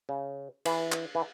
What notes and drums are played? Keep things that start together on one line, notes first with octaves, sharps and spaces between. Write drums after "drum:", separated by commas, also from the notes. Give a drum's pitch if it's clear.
C#3
E3, drum: cymbal
drum: clap
E3